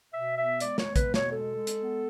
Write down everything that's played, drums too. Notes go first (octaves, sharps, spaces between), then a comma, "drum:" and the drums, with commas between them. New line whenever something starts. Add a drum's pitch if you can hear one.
B2 E5
B3 E5
G#3 D5, drum: hi-hat
C#5, drum: snare
B3
B4, drum: kick A#1, hi-hat
B2
C#5, drum: snare
G#3 A4
G#3
drum: hi-hat
B3